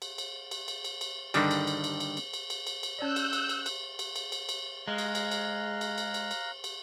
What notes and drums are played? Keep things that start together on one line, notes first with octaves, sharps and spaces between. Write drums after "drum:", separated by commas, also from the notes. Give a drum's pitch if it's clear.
drum: cymbal
drum: cymbal
drum: cymbal
drum: cymbal
drum: cymbal
drum: cymbal
G2 D3 D#3 G3, drum: cymbal
drum: cymbal
drum: cymbal
drum: cymbal
drum: cymbal
drum: cymbal
drum: cymbal
drum: cymbal
drum: cymbal
drum: cymbal
C#4 C#5 D5 E6 F#6 G6
drum: cymbal
drum: cymbal
drum: cymbal
drum: cymbal
drum: cymbal
drum: cymbal
drum: cymbal
drum: cymbal
G#3 F5 A#5 F#6
drum: cymbal
drum: cymbal
drum: cymbal
drum: cymbal
drum: cymbal
drum: cymbal
drum: cymbal
drum: cymbal